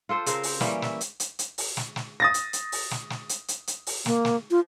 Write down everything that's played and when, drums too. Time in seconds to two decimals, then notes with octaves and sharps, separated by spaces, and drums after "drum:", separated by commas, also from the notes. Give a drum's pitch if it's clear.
0.09 F4 A4 C5
0.26 C#3 C4 A#4 C5, drum: hi-hat
0.43 drum: open hi-hat
0.61 E3 G3 A#3 C#4, drum: snare
0.82 E5, drum: snare
1.01 drum: hi-hat
1.20 drum: hi-hat
1.39 drum: hi-hat
1.58 drum: open hi-hat
1.77 drum: snare
1.96 drum: snare
2.20 D#6 A6 A#6
2.34 drum: hi-hat
2.53 drum: hi-hat
2.72 drum: open hi-hat
2.91 drum: snare
3.10 drum: snare
3.29 drum: hi-hat
3.48 drum: hi-hat
3.67 drum: hi-hat
3.87 drum: open hi-hat
4.06 A#3, drum: snare
4.25 drum: snare
4.51 F4